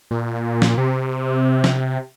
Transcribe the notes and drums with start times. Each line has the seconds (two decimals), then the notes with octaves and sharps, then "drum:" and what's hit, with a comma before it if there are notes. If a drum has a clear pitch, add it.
0.11 A#2
0.62 drum: snare
0.78 C3
1.64 drum: snare